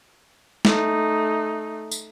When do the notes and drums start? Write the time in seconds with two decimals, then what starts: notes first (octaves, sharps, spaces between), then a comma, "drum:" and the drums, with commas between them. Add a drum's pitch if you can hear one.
0.65 A3 D#4, drum: snare
1.91 drum: tambourine